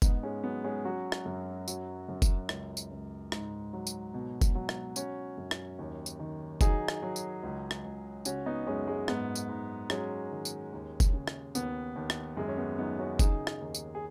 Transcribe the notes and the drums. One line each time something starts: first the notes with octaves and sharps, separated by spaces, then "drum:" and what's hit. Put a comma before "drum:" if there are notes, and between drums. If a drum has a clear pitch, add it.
G#2 B3 D#4, drum: kick F1, tambourine
G#3 C#4
F#3 B3
G#3 C#4
F#3 C#4 F#4
drum: rim click
F#2
F#3, drum: tambourine
F#2
drum: kick F1, tambourine
C#2, drum: rim click
drum: tambourine
C#2
G#2, drum: rim click
F#3
drum: tambourine
B2
drum: kick F1, tambourine
F#3
drum: rim click
F#3 C#4 F#4, drum: tambourine
F#2
drum: rim click
D#2
drum: tambourine
D#3
F#3 D#4 G#4, drum: kick F1, tambourine
drum: rim click
F#3
drum: tambourine
C#2
drum: rim click
C#2
C#3 C#4 F#4, drum: tambourine
B3 D#4
F#2 G#3 C#4
G#3
G#2 B3, drum: rim click
drum: tambourine
G#2
F#3 G#3 C#4, drum: rim click
D#3
drum: tambourine
D#2
drum: kick F1, tambourine
C#3
drum: rim click
D#2 B3, drum: tambourine
D#2
drum: rim click
F#2 G#3
C#4
B3
F#3 B3 D#4
C#4 F#4
C#3 D#4 G#4, drum: kick F1, tambourine
drum: rim click
D#2
drum: tambourine
G#4